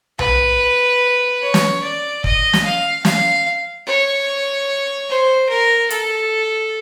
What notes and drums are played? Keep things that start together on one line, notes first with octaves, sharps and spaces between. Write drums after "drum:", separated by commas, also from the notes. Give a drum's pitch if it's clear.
B4, drum: tom B1
C#5
drum: snare
D5
D#5, drum: kick
drum: snare
F5
F5, drum: snare
C#5
C5
A#4
A4, drum: hi-hat